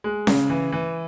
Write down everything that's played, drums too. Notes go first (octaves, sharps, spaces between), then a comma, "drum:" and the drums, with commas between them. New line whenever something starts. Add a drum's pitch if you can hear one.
G#3
C#3, drum: snare C#4
E3
E3